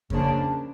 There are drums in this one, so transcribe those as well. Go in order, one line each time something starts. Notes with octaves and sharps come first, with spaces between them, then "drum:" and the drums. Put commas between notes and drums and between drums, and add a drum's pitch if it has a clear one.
C#3 F3 A#3 D4, drum: kick F2